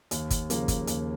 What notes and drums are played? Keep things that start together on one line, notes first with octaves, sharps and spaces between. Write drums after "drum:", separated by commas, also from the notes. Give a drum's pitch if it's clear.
D#2, drum: hi-hat
drum: kick G1, hi-hat
C#3 F3 A#3, drum: hi-hat
drum: kick G1, hi-hat
D#2, drum: hi-hat